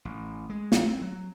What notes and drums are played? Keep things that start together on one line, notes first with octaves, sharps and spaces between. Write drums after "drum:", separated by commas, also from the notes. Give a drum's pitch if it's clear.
A1
G#3
A#1, drum: snare
C4
F#3